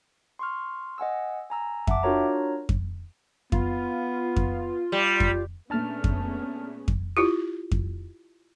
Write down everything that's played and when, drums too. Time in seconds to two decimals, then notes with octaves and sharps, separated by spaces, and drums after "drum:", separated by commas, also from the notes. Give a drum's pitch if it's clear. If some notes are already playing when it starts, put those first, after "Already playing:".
0.39 C6 C#6 F6
0.98 D#5 F#5 G#5 E6
1.50 G#5 A#5 E6
1.87 E5 F#5 A5 D6, drum: kick F2
2.03 D4 F4 F#4 A#4 C#5 A#5
2.69 drum: kick F2
3.52 B3 F4, drum: kick F2
4.36 drum: kick F2
4.92 G3
5.20 drum: kick F2
5.70 A#2 A3 B3 C#4 D4 G#4 A5 F6
6.04 drum: kick F2
6.88 drum: kick F2
7.17 E4 F4 G4
7.71 drum: kick F2